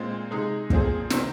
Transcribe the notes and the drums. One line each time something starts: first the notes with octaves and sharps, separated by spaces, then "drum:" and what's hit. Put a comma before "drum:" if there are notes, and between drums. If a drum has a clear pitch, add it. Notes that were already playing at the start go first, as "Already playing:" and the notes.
Already playing: A#2 G#3 C4
C3 G#3 D#4 G#4
A#2 F3 C4 G#4, drum: kick
C3 D#3 C4, drum: snare